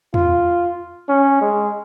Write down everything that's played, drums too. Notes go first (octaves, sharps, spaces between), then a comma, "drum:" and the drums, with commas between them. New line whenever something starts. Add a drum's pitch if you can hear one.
F4, drum: tom E2
C#4
G#3